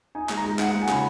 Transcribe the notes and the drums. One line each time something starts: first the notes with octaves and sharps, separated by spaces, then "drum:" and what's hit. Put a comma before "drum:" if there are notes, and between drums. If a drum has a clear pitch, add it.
D#4 G#5
G#3, drum: clap
A#5
G#3
D#4 F#5, drum: clap
F#5
G#3
G#5
C#3 B5, drum: clap